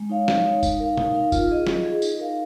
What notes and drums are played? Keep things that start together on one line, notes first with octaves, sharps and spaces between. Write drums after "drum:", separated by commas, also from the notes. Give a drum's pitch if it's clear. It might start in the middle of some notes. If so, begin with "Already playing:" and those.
Already playing: G#3
D#4 C#5 F5
G#3, drum: snare
D#4 C#5 F5
D#4, drum: kick F#1, tambourine
A#4 F5
D#4, drum: tom
A#4 F5
F4, drum: kick F#1, tambourine
G#4 D#5
F4, drum: snare
G#4 D#5
D#4, drum: tambourine
A#4 F5